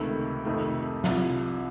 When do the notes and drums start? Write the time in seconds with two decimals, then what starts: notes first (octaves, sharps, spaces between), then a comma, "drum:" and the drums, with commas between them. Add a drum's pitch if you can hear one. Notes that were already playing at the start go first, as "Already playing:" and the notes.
Already playing: C#2 C3 D#3 A3
0.45 F2 C3 D#3 A3
1.04 C2 C3 F3, drum: snare